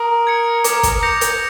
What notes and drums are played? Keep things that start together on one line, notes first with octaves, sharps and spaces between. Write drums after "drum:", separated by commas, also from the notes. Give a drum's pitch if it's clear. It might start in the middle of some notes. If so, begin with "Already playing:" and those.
Already playing: A#4 D#6
G#6 C#7
D6, drum: hi-hat
drum: kick, hi-hat
G6 A#6 C#7 F7
drum: hi-hat